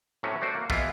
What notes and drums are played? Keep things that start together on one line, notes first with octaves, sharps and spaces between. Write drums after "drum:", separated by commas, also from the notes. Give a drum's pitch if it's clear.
A2 C3 F#3 A3 C#4
A3 F#4 C5 D5
A#3
B2 E3 G#3 B3 E4 F4, drum: kick